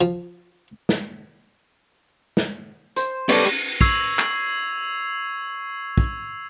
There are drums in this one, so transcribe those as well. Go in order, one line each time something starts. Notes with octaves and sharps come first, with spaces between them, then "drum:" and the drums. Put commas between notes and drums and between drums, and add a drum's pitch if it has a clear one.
F3
drum: snare
drum: snare
C5, drum: hi-hat
B3 G4 A4 C#5 D5, drum: cymbal
C#6 E6 G#6 C7 F7, drum: kick
drum: clap
drum: kick